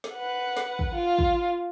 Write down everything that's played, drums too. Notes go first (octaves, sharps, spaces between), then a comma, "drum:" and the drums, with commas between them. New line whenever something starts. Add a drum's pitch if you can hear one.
drum: snare
B4 F#5
drum: snare
drum: kick
F4
drum: kick